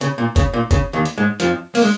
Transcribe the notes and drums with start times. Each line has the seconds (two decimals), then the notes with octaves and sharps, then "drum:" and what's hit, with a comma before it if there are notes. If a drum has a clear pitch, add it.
0.01 C#3, drum: hi-hat
0.18 A#2
0.36 C#3, drum: kick F#1, hi-hat
0.54 A#2
0.71 C#3, drum: kick F#1, hi-hat
0.93 D#2 D#3
1.05 drum: hi-hat
1.18 G#2 G#3
1.40 F2 F3, drum: hi-hat
1.75 A#3, drum: open hi-hat
1.82 G#3